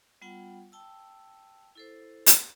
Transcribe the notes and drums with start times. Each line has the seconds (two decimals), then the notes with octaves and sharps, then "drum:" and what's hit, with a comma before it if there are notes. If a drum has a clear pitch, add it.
0.22 G3 B3 F4 F#5 G5
0.72 G5 A5 E6
1.75 E4 A4 C5
2.27 drum: hi-hat